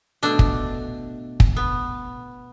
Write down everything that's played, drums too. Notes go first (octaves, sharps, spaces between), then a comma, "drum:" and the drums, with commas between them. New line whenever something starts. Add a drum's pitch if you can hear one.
B2 A3 D4
drum: kick
drum: kick
B3